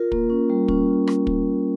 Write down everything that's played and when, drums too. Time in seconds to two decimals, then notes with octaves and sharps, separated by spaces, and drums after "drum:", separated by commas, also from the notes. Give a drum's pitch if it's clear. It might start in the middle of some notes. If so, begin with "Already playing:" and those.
Already playing: F4 A#4
0.12 A#3, drum: kick
0.30 C#4
0.50 G3
0.68 C#4, drum: kick
1.07 drum: rim click
1.27 drum: kick